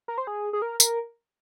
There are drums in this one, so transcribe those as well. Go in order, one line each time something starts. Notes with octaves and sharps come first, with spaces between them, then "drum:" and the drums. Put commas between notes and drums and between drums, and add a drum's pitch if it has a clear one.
A#4
C5
G#4
G#4
A#4
A#4, drum: tambourine